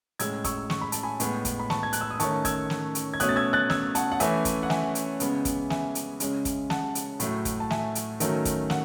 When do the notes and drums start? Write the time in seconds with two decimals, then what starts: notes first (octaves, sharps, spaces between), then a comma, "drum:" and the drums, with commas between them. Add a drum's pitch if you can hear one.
0.19 A2 G#3 C#4 E6 G#6, drum: hi-hat
0.44 C#6 E6, drum: kick, hi-hat
0.70 C#6, drum: snare
0.81 B5
0.92 A5, drum: hi-hat
1.03 G#5 B5
1.20 A2 G#3 B3, drum: hi-hat
1.45 drum: kick, hi-hat
1.60 B5
1.70 A5 C#6, drum: snare
1.83 G#6
1.93 F#6, drum: hi-hat
2.01 E6
2.11 D#6
2.20 D#3 A3 C#4 A5 C#6, drum: hi-hat
2.45 E6 G#6, drum: kick, hi-hat
2.70 drum: snare
2.95 drum: hi-hat
3.14 G#6
3.20 B2 A3 C#4 D#6 F#6, drum: hi-hat
3.29 A6
3.36 E6 G#6
3.53 F#6 A6
3.70 E6 G#6, drum: snare
3.95 F#5 A5, drum: hi-hat
4.12 F#5
4.20 E3 A3 C#4 E5 G#5, drum: hi-hat
4.45 drum: kick, hi-hat
4.63 F#5
4.70 E5 G#5, drum: snare
4.95 drum: hi-hat
5.20 C#3 G#3 B3, drum: hi-hat
5.45 drum: kick, hi-hat
5.70 E5 G#5, drum: snare
5.95 drum: hi-hat
6.20 C#3 G#3 C#4, drum: hi-hat
6.45 drum: kick, hi-hat
6.70 F#5 A5, drum: snare
6.95 drum: hi-hat
7.20 A2 F#3 A3, drum: hi-hat
7.45 drum: kick, hi-hat
7.60 A5
7.70 E5 G#5, drum: snare
7.95 drum: hi-hat
8.20 D#3 F#3 A3 C#4, drum: hi-hat
8.45 drum: kick, hi-hat
8.70 F#5, drum: snare